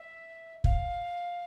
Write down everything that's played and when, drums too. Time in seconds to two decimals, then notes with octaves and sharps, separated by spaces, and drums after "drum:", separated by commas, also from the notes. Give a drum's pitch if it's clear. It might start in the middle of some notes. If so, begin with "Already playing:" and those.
Already playing: E5
0.64 F5, drum: kick